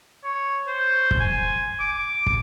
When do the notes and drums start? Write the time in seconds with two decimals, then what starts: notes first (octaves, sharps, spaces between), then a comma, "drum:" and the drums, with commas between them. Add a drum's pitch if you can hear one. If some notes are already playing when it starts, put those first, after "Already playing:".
0.24 C#5
0.67 C5
1.11 drum: kick
1.20 G#5
1.80 D6
2.26 drum: kick